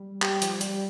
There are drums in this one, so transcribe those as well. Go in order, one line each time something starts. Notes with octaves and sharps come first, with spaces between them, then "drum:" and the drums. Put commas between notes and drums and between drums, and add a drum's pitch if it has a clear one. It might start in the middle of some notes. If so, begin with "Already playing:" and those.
Already playing: G3
G3 G4, drum: clap
F3, drum: hi-hat
G3, drum: hi-hat